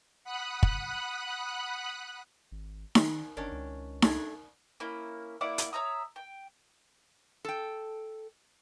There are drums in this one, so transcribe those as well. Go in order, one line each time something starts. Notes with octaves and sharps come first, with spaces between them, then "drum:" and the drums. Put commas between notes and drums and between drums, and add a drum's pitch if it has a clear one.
F#5 B5 D#6 F#6
drum: kick
G#1
D#3, drum: snare D#4
G1 D#3 C#4 D4
C#2
A3 D4 G#5, drum: snare D#4
A#3 C#4 E4
A#3 E4 D5 F#5
drum: hi-hat
C#5 E5 A#5 D#6
G5
A4 G5